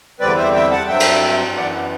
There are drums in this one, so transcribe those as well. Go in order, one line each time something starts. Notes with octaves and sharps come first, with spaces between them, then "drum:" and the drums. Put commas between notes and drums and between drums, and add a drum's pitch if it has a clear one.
E2 D3 G3 C4 B4 D5
C5 E5
E5 G5
F#5 A5
G2 F#3 C4 E5 G5
drum: cymbal
F#2 E3 B3 D5 F#5